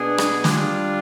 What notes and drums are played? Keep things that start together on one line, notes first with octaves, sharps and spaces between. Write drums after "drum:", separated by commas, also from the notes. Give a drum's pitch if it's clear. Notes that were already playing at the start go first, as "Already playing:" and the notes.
Already playing: B2 B3 D4 G#4
drum: rim click
G3 D4 F4, drum: snare